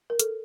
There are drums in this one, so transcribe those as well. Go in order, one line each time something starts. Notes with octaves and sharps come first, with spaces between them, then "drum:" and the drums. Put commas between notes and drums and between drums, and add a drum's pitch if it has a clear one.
A#4
A4, drum: hi-hat